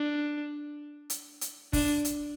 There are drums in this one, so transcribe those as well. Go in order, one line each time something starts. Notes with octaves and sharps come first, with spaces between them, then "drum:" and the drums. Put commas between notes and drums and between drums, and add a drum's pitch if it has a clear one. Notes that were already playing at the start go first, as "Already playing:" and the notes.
Already playing: D4
drum: hi-hat
drum: hi-hat
D4, drum: kick F#1, open hi-hat
drum: hi-hat